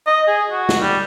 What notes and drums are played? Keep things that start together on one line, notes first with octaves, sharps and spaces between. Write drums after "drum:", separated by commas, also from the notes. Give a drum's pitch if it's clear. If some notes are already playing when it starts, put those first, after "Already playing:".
D#5
G#4
F#4
drum: snare
G3